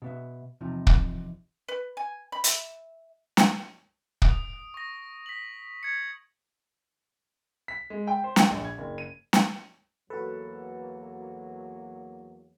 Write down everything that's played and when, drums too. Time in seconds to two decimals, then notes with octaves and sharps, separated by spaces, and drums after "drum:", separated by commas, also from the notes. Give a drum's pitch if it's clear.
0.02 B2 B3 E5
0.61 E2 C3 F3 D#4
0.87 drum: kick
1.68 B4
1.97 G#5
2.32 B5
2.44 E5, drum: hi-hat
3.37 drum: snare
4.22 D#6 D7, drum: kick
4.74 C#6 A#6
5.26 B6 F#7
5.83 G#6 C#7
7.68 B6
7.90 G#3
8.07 G5
8.24 C5
8.36 G5, drum: snare
8.50 A#1
8.65 G#6
8.78 F#1
8.98 D#7
9.33 drum: snare
10.10 E2 F#3 A#3 F#4 A4 B4